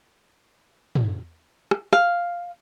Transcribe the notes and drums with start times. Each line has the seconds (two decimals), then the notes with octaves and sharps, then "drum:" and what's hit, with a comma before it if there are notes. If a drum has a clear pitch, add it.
0.95 drum: tom
1.71 drum: rim click
1.93 F5, drum: rim click